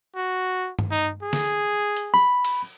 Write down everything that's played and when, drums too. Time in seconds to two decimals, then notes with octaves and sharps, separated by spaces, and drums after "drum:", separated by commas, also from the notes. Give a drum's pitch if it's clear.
0.16 F#4
0.79 drum: tom G2
0.91 D#4
1.23 G#4
1.33 drum: snare
1.96 drum: hi-hat
2.14 B5
2.45 drum: cymbal